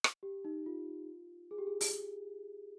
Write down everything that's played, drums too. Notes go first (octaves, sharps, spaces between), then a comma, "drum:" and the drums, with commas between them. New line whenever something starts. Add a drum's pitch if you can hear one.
drum: rim click
G4
D#4
F4
G#4
G4
G#4
drum: open hi-hat